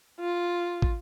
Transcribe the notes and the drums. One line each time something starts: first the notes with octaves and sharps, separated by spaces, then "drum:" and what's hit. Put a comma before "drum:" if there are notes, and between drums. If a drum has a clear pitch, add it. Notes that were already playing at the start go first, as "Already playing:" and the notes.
F4
drum: kick